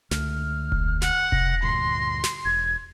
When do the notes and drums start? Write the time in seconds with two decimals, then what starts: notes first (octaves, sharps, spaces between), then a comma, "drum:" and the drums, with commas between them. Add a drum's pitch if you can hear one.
0.11 C#2 D3 A3 F6, drum: snare
0.72 drum: kick E1
1.02 F#5, drum: snare
1.32 C3 A#6, drum: kick E1
1.63 D2 G2 A#2 C6
2.24 drum: snare
2.45 E1 G#6